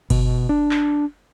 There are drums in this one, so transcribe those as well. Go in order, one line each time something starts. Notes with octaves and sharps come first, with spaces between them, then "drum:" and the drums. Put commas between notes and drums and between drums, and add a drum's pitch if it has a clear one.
B2, drum: kick G1, cymbal
D4
drum: clap